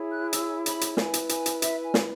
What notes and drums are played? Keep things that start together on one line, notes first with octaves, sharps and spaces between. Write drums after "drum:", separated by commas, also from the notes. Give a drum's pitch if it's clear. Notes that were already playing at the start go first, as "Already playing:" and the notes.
Already playing: E4 G#4 C#5
F#6
E6, drum: hi-hat
B5, drum: hi-hat
drum: hi-hat
E4 B4 G#5, drum: snare
drum: hi-hat
G#5, drum: hi-hat
drum: hi-hat
E5, drum: hi-hat
G#5
drum: snare